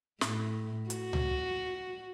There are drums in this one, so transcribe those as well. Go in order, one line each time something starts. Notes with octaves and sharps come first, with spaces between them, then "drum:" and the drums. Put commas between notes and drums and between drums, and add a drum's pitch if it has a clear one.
A2, drum: snare
F#4, drum: hi-hat
drum: tom C#2